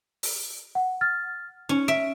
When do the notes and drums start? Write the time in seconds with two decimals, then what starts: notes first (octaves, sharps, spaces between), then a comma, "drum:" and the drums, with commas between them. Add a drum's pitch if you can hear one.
0.23 drum: open hi-hat
0.75 F#5
1.01 F6 A6
1.69 C#4 D#4
1.88 E5 D7